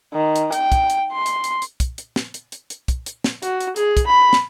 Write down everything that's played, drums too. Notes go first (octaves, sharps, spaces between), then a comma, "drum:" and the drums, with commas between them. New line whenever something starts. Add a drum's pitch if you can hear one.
D#3
drum: hi-hat
G5, drum: hi-hat
drum: kick, hi-hat
drum: hi-hat
C6
drum: hi-hat
drum: hi-hat
drum: hi-hat
drum: kick, hi-hat
drum: hi-hat
drum: snare
drum: hi-hat
drum: hi-hat
drum: hi-hat
drum: kick, hi-hat
drum: hi-hat
drum: snare
F#4, drum: hi-hat
drum: hi-hat
G#4, drum: hi-hat
drum: kick, hi-hat
B5
drum: snare